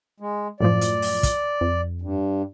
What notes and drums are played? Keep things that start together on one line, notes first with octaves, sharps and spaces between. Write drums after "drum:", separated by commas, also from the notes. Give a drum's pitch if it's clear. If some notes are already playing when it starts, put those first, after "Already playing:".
G#3
F#2 A2 F3 D5
drum: hi-hat
drum: open hi-hat
drum: kick, hi-hat
F2
G2